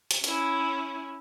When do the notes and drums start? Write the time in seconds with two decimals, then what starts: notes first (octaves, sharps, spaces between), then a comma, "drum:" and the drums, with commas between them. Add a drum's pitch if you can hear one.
0.11 drum: hi-hat
0.24 C#4 E4, drum: hi-hat